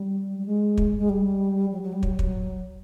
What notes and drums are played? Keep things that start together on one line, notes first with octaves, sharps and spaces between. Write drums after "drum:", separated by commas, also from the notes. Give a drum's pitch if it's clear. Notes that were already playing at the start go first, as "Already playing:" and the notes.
Already playing: G3
G3
G#3
drum: kick
G#3
G3
F#3
F#3
G3
F#3, drum: kick
drum: kick